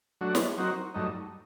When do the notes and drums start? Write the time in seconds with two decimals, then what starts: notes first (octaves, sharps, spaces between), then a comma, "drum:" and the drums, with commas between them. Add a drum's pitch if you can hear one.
0.21 F#3 A3 D4 F#4
0.35 drum: snare
0.57 F#3 C4 D#4 F#4 A#4
0.94 G2 F#3 A3 D#4